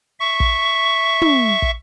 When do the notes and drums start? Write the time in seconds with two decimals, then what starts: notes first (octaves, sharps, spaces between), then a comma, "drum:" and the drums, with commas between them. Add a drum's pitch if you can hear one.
0.20 E5 C#6
0.40 drum: kick
1.22 drum: tom
1.62 drum: kick